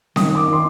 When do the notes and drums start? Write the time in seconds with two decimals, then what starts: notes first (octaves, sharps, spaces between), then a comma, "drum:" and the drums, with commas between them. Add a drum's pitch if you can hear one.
0.16 D#3 D#6, drum: snare C4
0.35 D6
0.53 C6